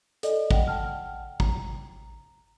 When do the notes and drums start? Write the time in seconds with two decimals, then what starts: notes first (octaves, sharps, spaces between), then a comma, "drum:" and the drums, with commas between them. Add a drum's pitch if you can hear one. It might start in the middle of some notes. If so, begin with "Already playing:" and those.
0.23 A4 D5 D#5, drum: hi-hat
0.51 D#5 F#5 G5, drum: kick
0.68 F#5 G5 A5 F6
1.40 A#5, drum: kick